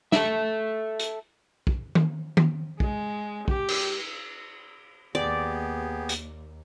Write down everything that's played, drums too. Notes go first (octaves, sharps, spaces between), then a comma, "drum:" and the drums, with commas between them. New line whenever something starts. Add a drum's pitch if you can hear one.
A4 E5, drum: snare
drum: hi-hat
drum: kick
drum: tom D#3
drum: tom D#3
G#3, drum: kick
G4, drum: kick
drum: cymbal
D#2 B3 G4 G#4 D5
drum: hi-hat